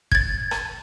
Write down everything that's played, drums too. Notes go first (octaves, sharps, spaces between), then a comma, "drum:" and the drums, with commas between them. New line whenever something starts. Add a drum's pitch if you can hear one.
G#6 A6, drum: kick
drum: rim click